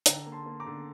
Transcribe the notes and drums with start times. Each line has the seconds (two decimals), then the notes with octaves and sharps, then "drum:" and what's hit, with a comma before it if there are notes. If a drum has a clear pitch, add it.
0.06 D3 G5 A#5, drum: hi-hat
0.26 A#3
0.32 A5 C6
0.46 A#3
0.60 A#5 D6
0.66 D3